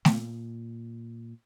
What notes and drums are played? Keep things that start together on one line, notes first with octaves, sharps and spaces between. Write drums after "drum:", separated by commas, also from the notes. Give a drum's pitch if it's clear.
A#2, drum: snare A3